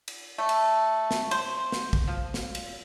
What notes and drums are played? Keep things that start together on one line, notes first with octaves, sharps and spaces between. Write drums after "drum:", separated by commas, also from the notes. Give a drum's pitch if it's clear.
drum: cymbal
A3
drum: cymbal
drum: snare
C5, drum: cymbal
drum: snare
drum: kick
F3
drum: snare
drum: cymbal